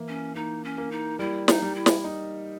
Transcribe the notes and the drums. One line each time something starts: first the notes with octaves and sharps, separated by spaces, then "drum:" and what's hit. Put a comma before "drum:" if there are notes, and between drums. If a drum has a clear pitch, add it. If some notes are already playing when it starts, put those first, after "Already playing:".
Already playing: E3 A#3
C#4
A#3 D#4
C#4
A#3
D#4
G3 E4
D#4, drum: snare
G3
E4
drum: snare
D#4